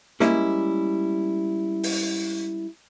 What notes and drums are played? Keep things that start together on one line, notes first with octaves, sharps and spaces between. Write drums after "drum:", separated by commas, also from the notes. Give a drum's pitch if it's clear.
G3 G#3 A#3 C#4 E4, drum: snare
drum: open hi-hat